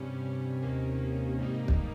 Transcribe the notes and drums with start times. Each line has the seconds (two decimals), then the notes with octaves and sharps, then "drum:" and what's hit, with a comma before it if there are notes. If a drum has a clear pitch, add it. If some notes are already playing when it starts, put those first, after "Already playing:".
Already playing: G2 C3 G3 C#4
0.62 D#2 D#3 A#3 C#4
1.39 G#2 G3 A#3 D#4
1.68 drum: kick